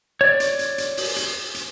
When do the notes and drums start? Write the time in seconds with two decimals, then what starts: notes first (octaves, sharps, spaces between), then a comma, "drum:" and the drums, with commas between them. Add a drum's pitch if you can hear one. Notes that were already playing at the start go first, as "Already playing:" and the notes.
0.21 C#5 D5
0.40 drum: hi-hat
0.59 drum: hi-hat
0.78 drum: hi-hat
0.97 drum: open hi-hat
1.16 drum: hi-hat
1.54 drum: hi-hat